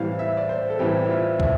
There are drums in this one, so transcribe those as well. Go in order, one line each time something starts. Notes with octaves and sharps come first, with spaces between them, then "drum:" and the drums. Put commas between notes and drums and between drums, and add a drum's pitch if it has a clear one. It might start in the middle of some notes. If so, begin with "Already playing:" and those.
Already playing: A2 E3 G3 C4 F5
E5
D5
C5
A4
A2 E3 G3 C4 G4
E4
F4
E4, drum: kick